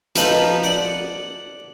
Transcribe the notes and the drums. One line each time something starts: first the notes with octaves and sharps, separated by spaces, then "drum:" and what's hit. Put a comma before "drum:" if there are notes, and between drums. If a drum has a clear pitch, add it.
F3 B3 D#4 A4 B4, drum: hi-hat
D5 F#5